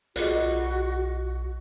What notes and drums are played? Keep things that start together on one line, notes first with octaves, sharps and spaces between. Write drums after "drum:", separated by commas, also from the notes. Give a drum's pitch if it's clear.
B1 F4 F#4 G#4 D#5, drum: hi-hat